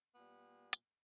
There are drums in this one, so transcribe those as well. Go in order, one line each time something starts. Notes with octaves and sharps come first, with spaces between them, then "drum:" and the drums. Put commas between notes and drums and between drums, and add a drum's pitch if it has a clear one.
A#2 G3 B3
drum: hi-hat